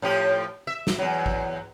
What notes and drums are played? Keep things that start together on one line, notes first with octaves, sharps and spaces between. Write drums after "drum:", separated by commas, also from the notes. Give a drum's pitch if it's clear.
A2 F3 G4
E5
drum: snare
E2 F#3
drum: kick A1